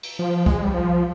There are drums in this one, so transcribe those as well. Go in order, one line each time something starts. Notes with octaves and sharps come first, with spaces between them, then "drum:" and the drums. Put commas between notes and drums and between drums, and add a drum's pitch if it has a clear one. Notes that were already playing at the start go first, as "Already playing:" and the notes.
drum: cymbal
F3
G#3, drum: kick C2
G3
F3